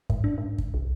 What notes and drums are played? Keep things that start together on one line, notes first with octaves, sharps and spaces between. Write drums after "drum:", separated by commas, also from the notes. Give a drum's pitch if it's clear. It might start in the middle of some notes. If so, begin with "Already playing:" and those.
G#2, drum: kick
D4
G#2
drum: kick
C2